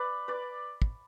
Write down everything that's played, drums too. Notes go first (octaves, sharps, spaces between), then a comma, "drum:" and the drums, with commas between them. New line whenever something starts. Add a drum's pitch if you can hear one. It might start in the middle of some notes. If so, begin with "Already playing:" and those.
Already playing: B4 D5
B4 D5
drum: kick